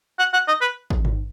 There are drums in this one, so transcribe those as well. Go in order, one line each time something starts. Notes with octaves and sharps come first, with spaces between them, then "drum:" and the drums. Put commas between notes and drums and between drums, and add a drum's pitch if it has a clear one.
F#5
F#5
D#5
B4
drum: kick G#1
drum: tom G2